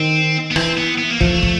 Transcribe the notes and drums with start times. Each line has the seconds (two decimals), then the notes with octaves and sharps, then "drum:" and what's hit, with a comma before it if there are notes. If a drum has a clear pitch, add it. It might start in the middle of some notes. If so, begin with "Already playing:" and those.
Already playing: D#3 C4
0.51 B3
0.56 E3 C4, drum: rim click
0.77 B3
0.98 B3
1.10 A#3
1.21 F3 A3, drum: kick
1.43 drum: kick